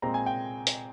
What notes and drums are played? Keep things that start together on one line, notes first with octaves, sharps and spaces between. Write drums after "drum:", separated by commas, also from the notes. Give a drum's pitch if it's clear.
A#2 G#3 C4 A#5
G#5
G5
drum: hi-hat